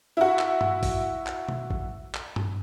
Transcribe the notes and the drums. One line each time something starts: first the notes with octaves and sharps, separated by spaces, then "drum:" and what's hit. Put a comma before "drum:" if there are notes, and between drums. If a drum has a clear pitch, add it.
E4 F#4
drum: clap
drum: tom G2
drum: kick A1, open hi-hat
drum: clap
drum: tom B2
drum: kick A1
drum: clap
drum: tom G2